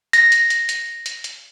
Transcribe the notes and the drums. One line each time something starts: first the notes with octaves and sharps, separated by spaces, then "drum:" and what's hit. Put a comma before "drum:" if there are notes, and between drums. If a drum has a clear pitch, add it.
A#6, drum: hi-hat
drum: hi-hat
drum: hi-hat
drum: hi-hat
drum: hi-hat
drum: hi-hat